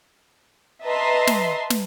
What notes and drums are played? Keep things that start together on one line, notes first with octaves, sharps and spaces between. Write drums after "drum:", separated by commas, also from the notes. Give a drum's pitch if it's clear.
B4 D#5 E5 A5 A#5 C6
drum: snare
drum: snare